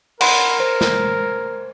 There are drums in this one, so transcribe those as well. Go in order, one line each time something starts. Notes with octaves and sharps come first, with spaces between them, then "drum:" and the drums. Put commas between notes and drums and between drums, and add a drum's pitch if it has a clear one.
A#4 F#5 B5 C6, drum: cymbal
C5
drum: snare